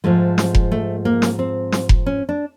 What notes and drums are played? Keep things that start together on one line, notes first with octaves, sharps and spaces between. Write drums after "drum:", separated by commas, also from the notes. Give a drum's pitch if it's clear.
G#2 F3 G#3 A3
drum: snare
drum: kick F1
A3
A#3
drum: snare
C4
drum: snare
drum: kick F1
C#4
D4